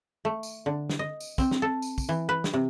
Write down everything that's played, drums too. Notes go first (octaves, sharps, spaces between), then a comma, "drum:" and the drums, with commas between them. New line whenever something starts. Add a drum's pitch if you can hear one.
A3
drum: tambourine
D3
drum: snare
D#5
drum: tambourine
C4, drum: kick, tambourine
drum: snare
A4
drum: tambourine
drum: kick, tambourine
E3
B4
drum: snare
C3